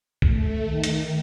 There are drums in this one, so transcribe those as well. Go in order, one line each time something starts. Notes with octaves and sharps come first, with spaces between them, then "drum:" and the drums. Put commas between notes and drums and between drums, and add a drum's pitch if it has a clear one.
A3, drum: kick
D#3
drum: hi-hat